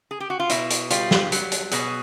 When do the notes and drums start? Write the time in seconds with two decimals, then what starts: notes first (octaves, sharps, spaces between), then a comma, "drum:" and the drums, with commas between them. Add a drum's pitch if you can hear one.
0.11 G#4
0.20 G4
0.30 F#4
0.40 F4
0.50 B2 E4, drum: hi-hat
0.70 drum: hi-hat
0.90 G3 F4, drum: hi-hat
1.11 drum: snare
1.32 F#3, drum: hi-hat
1.52 drum: hi-hat
1.71 B2 G#4, drum: hi-hat